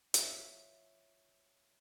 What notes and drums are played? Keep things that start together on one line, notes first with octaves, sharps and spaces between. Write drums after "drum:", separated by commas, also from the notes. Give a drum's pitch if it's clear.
F4 C#5 E5, drum: hi-hat